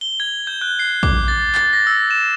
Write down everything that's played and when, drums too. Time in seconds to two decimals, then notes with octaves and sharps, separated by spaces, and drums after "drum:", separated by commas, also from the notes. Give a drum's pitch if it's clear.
0.01 G7
0.20 G#6
0.47 G6
0.61 F#6
0.79 C7
1.03 D6, drum: kick A#1
1.28 A6
1.55 A6, drum: clap
1.73 A#6
1.87 E6
2.11 E7